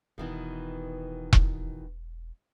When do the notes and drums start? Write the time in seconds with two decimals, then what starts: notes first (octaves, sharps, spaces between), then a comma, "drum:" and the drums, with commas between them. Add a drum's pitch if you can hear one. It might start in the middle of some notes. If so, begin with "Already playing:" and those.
0.18 E1 B2 D#3 E3
1.33 drum: kick E1